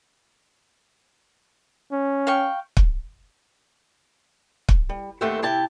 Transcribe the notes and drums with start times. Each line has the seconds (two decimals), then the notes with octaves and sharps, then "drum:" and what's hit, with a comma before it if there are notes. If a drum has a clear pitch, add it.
1.92 C#4
2.27 F5 G5 C#6
2.77 drum: kick
4.69 drum: kick
4.89 G3
5.21 D#2 A3 C4 G4 E5 F#5
5.42 C3 E4 G4 A5